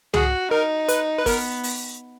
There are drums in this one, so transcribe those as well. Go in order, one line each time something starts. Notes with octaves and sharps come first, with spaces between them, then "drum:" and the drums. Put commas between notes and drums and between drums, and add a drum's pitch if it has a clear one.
F#4 G#4, drum: tom
D#4 A#4
B4, drum: hi-hat
B4
B3 A#4, drum: kick, open hi-hat
drum: open hi-hat